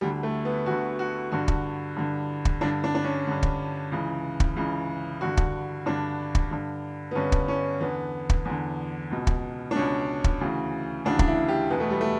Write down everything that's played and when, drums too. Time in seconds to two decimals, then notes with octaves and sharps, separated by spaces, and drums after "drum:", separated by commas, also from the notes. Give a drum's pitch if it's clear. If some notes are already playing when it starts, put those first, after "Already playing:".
0.01 D2 D3 G3
0.23 A3
0.45 B3
0.66 D2 D3 F#4
0.99 F#4
1.32 G2 D3 F#4
1.48 drum: kick
1.96 G2 D3
2.45 drum: kick
2.61 G2 D3 D4
2.84 D4
2.95 D4
3.04 C#4
3.27 G2 D3
3.43 drum: kick
3.91 C#2 C#3 E3
4.40 drum: kick
4.56 C#2 C#3 E3
5.21 G2 D3 F#4
5.37 drum: kick
5.86 G2 D3 D4
6.35 drum: kick
6.51 G2 D3
7.11 B3
7.15 G2 D3 C#4
7.32 drum: kick
7.48 C#4
7.81 E2 D3 B3
8.30 drum: kick
8.45 E2 D3
9.11 C#2 B2
9.27 drum: kick
9.71 D4
9.75 C#2 B2 C#4
10.24 drum: kick
10.41 D2 C#3 E3
11.05 D2 C#3 E3 D4
11.19 D4, drum: kick
11.28 E4
11.48 G4
11.70 E2 B2 B3
11.80 A3
11.90 G3
12.01 A3